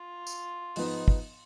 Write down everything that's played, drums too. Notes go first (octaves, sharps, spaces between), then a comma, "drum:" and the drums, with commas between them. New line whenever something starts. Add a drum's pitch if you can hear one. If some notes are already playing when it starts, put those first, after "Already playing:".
Already playing: F4
drum: tambourine
G#2 F3 B3 D#4, drum: open hi-hat
drum: kick